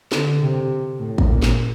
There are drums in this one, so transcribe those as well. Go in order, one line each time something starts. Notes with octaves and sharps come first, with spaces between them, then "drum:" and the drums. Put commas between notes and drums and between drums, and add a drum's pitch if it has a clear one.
D3, drum: snare
C3
A2
drum: kick
A#2
drum: snare